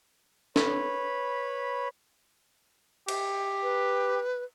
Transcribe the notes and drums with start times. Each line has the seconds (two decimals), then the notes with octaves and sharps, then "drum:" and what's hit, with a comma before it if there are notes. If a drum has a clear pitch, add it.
0.56 B4 C#5 B5, drum: snare
3.08 G4, drum: cymbal
3.62 B4